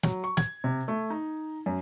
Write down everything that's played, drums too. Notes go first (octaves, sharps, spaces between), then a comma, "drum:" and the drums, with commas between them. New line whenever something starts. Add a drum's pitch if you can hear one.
F#3, drum: snare
C#6
G#6, drum: snare
C3
A3
D#4
F#2